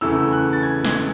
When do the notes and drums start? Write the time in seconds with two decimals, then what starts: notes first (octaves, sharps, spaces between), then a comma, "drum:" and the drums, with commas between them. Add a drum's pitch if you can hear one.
0.01 E2 C#3 E3 A3 E6
0.33 F#6
0.53 A6
0.63 G#6
0.85 G#6, drum: snare